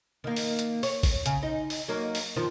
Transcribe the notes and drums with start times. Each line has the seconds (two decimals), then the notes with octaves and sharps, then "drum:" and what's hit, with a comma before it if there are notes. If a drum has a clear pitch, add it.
0.24 D#3 A#3
0.36 drum: open hi-hat
0.59 drum: hi-hat
0.83 C#5, drum: open hi-hat
1.03 drum: kick, open hi-hat
1.26 C#3, drum: hi-hat
1.43 D#4
1.70 drum: open hi-hat
1.88 F#3 A#3 D#4
2.15 drum: open hi-hat
2.36 G2 D#3 F3